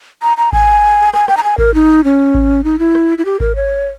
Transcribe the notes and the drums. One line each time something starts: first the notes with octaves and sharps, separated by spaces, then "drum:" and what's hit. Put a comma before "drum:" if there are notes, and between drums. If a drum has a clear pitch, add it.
A#5
A#5
G#5, drum: kick G#1
G#5, drum: rim click
G5, drum: rim click
A#5
G#5
A#4, drum: kick G#1
D#4
C#4
drum: kick G#1
D#4
E4
drum: rim click
E4
G4
A#4, drum: kick G#1
C#5